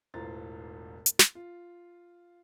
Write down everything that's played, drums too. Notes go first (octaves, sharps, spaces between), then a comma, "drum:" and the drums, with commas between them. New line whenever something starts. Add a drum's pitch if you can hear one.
E1 A1 F4 C5 A#5 A6
drum: hi-hat
drum: snare
F4